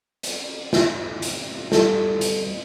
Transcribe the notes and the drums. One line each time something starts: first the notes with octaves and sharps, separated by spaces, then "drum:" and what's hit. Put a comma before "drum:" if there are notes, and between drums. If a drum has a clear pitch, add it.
drum: hi-hat
drum: snare
drum: hi-hat
G3 A4, drum: snare
drum: hi-hat